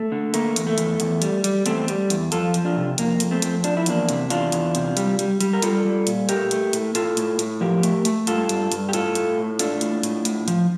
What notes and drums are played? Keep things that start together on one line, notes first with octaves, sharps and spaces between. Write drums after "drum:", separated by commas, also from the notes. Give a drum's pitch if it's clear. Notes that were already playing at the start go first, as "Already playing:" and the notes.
Already playing: A3
D3
A3 A#3, drum: hi-hat
E2, drum: hi-hat
A3
E2, drum: hi-hat
E2, drum: hi-hat
G3, drum: hi-hat
G3, drum: hi-hat
E2 A3 C4, drum: hi-hat
G3, drum: hi-hat
E2, drum: hi-hat
F2 F4 A4, drum: hi-hat
F3, drum: hi-hat
D4 F4
C3
F2 A#3, drum: hi-hat
F2, drum: hi-hat
A3 C4
F2, drum: hi-hat
F3 D4, drum: hi-hat
E4
E2 A#3 D4, drum: hi-hat
C3, drum: hi-hat
E2 D4 F4, drum: hi-hat
E2, drum: hi-hat
C3, drum: hi-hat
G3, drum: hi-hat
G3, drum: hi-hat
G3, drum: hi-hat
A#4
G3 F4 A4, drum: hi-hat
G3
A#2, drum: hi-hat
A3 G4 A#4, drum: hi-hat
A3, drum: hi-hat
A2, drum: hi-hat
A2 F4 A4, drum: hi-hat
A2, drum: hi-hat
A2, drum: hi-hat
F3 G4 A#4
A3, drum: hi-hat
A3, drum: hi-hat
G2 F4 A4, drum: hi-hat
G2, drum: hi-hat
G2, drum: hi-hat
G4
A2 F4 A4, drum: hi-hat
A3, drum: hi-hat
A2
A3 D4 F4, drum: hi-hat
A2, drum: hi-hat
A2, drum: hi-hat
A2, drum: hi-hat
F3, drum: hi-hat